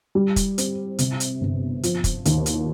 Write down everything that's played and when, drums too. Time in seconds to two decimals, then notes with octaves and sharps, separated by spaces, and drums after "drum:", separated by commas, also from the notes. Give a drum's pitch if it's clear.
0.15 G3
0.36 drum: kick, hi-hat
0.58 C4, drum: hi-hat
0.99 C3, drum: hi-hat
1.20 drum: hi-hat
1.41 G1
1.83 F3, drum: hi-hat
2.04 drum: kick, hi-hat
2.25 D#2, drum: hi-hat
2.46 drum: hi-hat